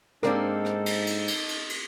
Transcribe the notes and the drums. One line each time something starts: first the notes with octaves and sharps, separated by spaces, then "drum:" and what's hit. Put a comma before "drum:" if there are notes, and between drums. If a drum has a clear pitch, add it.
G#2 A#3 C4 D4 D#4 A4 A#4 D5, drum: rim click
drum: rim click
drum: cymbal
drum: cymbal
drum: cymbal
drum: cymbal
drum: cymbal